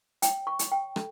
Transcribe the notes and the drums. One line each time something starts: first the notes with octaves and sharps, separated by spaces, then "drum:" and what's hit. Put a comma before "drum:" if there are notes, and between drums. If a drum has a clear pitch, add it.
C#5 G5, drum: hi-hat
C#6
C#5, drum: hi-hat
G5
A4, drum: rim click